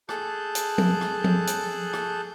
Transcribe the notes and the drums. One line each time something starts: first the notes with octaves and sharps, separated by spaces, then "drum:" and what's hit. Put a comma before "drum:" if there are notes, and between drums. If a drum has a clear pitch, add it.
G#4 A4 A5 F#6 G6, drum: rim click
drum: hi-hat
drum: tom F3
drum: rim click
drum: tom F3
drum: hi-hat
drum: rim click